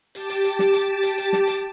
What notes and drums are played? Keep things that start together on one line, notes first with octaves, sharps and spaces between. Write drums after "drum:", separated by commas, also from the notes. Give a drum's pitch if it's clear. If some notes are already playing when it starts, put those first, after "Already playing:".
G4 A5 D6, drum: hi-hat
drum: hi-hat
drum: hi-hat
drum: snare
drum: hi-hat
drum: hi-hat
drum: hi-hat
drum: snare
drum: hi-hat